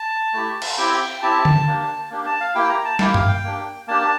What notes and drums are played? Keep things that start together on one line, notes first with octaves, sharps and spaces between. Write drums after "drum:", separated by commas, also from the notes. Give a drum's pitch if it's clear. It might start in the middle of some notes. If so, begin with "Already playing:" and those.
Already playing: A5
A3 E4 G4
drum: cymbal
C4 E4 G4 G5
C4 E4 G4 A5
drum: tom D3
A#3 D4 G4
A#3 D4 G4
A5
F5
A#3 E4 G4 G5
A#5
A5
A#3 E4 G4 G5, drum: snare
F5, drum: tom G2
G5
A#3 D4 G4
A#3 D4 G4 A5
A5